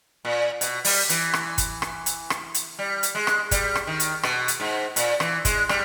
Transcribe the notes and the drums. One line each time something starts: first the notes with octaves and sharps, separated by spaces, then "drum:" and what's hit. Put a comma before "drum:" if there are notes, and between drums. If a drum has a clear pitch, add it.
A#2
B2, drum: hi-hat
G3, drum: open hi-hat
E3, drum: hi-hat
drum: rim click
drum: kick, hi-hat
drum: rim click
drum: hi-hat
drum: rim click
drum: hi-hat
G3
drum: hi-hat
G#3
drum: rim click
G3, drum: kick, hi-hat
drum: rim click
D#3
drum: hi-hat
B2, drum: rim click
drum: hi-hat
G#2
A#2, drum: hi-hat
E3, drum: rim click
G#3, drum: kick, hi-hat
G3, drum: rim click